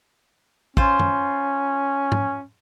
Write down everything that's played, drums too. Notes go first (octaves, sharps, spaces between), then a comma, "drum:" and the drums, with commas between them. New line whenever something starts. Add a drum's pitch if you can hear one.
C#4 F4 C5, drum: kick
drum: tom F#2
drum: tom G#2